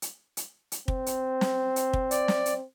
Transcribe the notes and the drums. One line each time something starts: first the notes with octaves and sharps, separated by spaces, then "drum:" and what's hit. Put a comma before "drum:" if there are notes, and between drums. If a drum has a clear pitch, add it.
drum: hi-hat
drum: hi-hat
drum: hi-hat
C4, drum: kick
drum: hi-hat
drum: snare
drum: hi-hat
drum: kick
D5, drum: hi-hat
drum: snare
drum: hi-hat